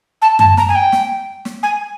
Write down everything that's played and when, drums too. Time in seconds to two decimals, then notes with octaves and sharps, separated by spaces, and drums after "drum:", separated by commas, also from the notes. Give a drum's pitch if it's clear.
0.21 A5
0.39 A5, drum: tom F#2
0.57 A#5, drum: snare
0.68 G#5
0.75 G5
0.92 drum: snare
1.45 drum: snare
1.63 G#5